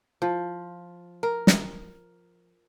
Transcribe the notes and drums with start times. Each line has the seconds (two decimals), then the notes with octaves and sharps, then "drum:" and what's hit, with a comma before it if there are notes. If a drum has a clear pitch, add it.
0.22 F3
1.23 A#4
1.47 drum: snare